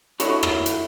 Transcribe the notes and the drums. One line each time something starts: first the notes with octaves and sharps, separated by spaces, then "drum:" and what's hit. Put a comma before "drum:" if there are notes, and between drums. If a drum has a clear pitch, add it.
D4 E4 F#4 A4 C#5 D#5, drum: hi-hat
drum: rim click
drum: hi-hat